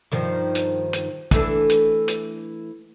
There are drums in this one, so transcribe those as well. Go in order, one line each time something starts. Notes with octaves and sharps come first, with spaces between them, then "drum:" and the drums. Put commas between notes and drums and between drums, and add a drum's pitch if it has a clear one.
G2 D#3 F3
drum: hi-hat
drum: hi-hat
E3 A3 D4, drum: kick, hi-hat
drum: hi-hat
drum: hi-hat